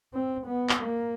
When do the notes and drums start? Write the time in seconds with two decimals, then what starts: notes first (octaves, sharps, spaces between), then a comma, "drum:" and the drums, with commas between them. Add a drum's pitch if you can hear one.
0.14 C4
0.47 B3
0.69 drum: clap
0.80 A#3